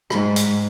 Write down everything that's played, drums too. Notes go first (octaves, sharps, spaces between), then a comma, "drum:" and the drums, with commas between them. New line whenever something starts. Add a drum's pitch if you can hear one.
G#2, drum: rim click
drum: hi-hat